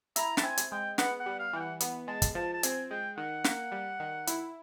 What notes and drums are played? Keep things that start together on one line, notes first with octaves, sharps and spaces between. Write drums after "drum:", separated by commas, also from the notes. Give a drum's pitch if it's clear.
E4 A#5, drum: hi-hat
A5, drum: snare
C4 G#5
drum: hi-hat
G#3 G5
B3 F#5, drum: snare
F#5
G3
F5
E3 G5
F#5
B3, drum: hi-hat
G#3 A5
drum: kick, hi-hat
F3 A5
A5
C4 G#5, drum: hi-hat
G#3 G5
D#3 F#5
A#3, drum: snare
G3
D#3
E4, drum: hi-hat